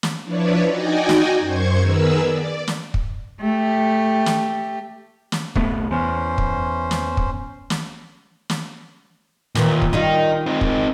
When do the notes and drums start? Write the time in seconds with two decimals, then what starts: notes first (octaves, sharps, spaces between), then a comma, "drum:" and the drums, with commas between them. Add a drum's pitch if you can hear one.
0.03 drum: snare
0.24 F3 D4 E4 B4 C#5 D5
0.66 D#4 F#4 D5 D#5 G5 G#5
1.09 drum: snare
1.39 F#2 C5 C#6 G#6
1.77 D#3 B3 G#4 A#4 B4 E6
2.22 D5
2.68 drum: snare
2.94 drum: kick
3.41 A3 G4
4.26 drum: snare
5.32 drum: snare
5.56 C2 A3 B3, drum: kick
5.91 E2 C#4 C5
6.38 drum: kick
6.91 drum: snare
7.17 drum: kick
7.70 drum: snare
8.50 drum: snare
9.55 D#2 A#2 E3, drum: snare
9.82 drum: kick
9.93 D#3 G3 D#4 F4
10.46 C4 D#4
10.61 drum: kick